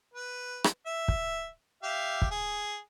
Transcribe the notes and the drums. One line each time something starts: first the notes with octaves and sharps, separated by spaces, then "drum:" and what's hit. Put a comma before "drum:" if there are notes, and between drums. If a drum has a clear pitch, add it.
B4
drum: rim click
E5
drum: kick
G4 E5 F5
drum: kick
G#4